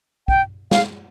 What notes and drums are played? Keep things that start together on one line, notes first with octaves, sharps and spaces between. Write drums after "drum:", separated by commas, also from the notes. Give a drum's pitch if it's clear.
G5, drum: kick
F5, drum: snare